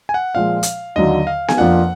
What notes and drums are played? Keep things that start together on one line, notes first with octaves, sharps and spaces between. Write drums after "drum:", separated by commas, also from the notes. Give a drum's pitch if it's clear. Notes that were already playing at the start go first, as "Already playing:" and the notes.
G#5
F#5
A#2 F3 G#3 F5
drum: hi-hat
D#2 D3 F#3 D#5
F5
G#5, drum: snare B3
F2 F3 A#3 D4 F4 F#5